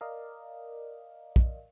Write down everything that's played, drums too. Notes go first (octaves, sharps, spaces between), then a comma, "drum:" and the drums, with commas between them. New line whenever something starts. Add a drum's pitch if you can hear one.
A#4 D5 D#5 F5
drum: kick